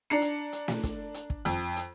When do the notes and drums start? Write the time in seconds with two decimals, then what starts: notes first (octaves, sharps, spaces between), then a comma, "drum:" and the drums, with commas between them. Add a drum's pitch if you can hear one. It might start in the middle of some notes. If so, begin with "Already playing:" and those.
0.10 D4 A#5 C7 C#7
0.22 drum: hi-hat
0.52 drum: hi-hat
0.68 drum: snare
0.83 drum: kick, hi-hat
1.14 drum: hi-hat
1.30 drum: kick
1.45 F2, drum: hi-hat
1.76 drum: hi-hat